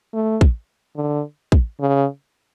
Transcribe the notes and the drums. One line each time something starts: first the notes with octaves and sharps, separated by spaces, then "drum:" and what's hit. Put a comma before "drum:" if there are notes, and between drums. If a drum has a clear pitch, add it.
A3
drum: kick
D3
drum: kick
C#3